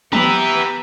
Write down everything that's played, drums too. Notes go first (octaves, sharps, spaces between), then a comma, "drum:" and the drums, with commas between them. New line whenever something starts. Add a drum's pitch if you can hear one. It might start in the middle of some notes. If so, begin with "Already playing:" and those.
B3 G4 B4 E5 A#5, drum: tom